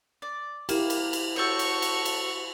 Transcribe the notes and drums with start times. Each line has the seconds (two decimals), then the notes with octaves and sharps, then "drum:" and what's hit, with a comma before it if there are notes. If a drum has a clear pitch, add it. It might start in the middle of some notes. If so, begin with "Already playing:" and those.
0.22 D5
0.69 A#3 E4 G4, drum: cymbal
0.90 drum: cymbal
1.13 drum: cymbal
1.36 F#4 A4 C5 C#5 C#6
1.59 drum: cymbal
1.82 drum: cymbal
2.05 drum: cymbal